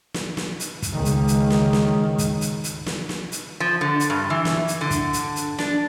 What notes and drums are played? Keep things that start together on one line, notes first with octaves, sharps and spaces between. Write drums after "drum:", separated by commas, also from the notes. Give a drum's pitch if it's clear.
drum: snare
drum: snare
drum: hi-hat
drum: kick, hi-hat
C#2 D#3
drum: hi-hat
drum: hi-hat
drum: snare
drum: snare
drum: kick, hi-hat
drum: hi-hat
drum: hi-hat
drum: snare
drum: snare
drum: hi-hat
F3
D3
drum: hi-hat
G2
E3
drum: snare
drum: hi-hat
D3
drum: kick, hi-hat
drum: hi-hat
drum: hi-hat
D4, drum: snare